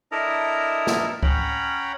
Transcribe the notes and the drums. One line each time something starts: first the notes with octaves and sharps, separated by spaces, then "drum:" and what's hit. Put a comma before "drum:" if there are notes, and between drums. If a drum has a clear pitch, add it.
D4 E4 A4 A#4 D#5 A#5
drum: snare
C#4 C#5 F#5 G5 A#5 B5, drum: kick C#2